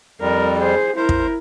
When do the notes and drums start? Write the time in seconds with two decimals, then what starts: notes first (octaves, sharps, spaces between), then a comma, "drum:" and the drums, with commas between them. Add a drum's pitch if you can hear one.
0.21 F2 G3 A#4
0.60 G#4 C5
0.97 E4 A#4 C5
1.09 drum: kick